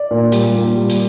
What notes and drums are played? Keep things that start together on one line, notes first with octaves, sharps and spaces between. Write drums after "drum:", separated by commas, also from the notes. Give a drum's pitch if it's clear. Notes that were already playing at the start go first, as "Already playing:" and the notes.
Already playing: D5
A#2
G3, drum: hi-hat
A#2
G3
drum: hi-hat